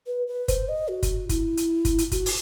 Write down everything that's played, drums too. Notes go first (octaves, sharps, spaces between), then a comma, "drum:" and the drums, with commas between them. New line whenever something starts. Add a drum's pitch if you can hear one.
B4
B4
C5, drum: kick, hi-hat
D#5
F#4
drum: kick, hi-hat
E4, drum: kick, hi-hat
drum: hi-hat
drum: kick, hi-hat
drum: hi-hat
F#4, drum: kick, hi-hat
drum: open hi-hat